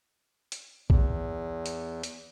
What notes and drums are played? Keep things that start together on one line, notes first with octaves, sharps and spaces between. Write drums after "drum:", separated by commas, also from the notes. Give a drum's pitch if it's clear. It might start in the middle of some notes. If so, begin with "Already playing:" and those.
drum: hi-hat
E2, drum: kick A#1
drum: hi-hat
drum: hi-hat